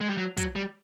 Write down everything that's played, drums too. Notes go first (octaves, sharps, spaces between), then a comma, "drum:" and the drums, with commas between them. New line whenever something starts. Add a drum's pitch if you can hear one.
G#3
G3
F#3
F#3, drum: kick, hi-hat
G3